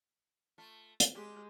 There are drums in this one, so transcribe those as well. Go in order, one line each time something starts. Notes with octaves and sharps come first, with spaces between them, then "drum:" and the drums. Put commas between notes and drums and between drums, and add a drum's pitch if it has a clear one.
A3 F4
drum: hi-hat
G#3 G4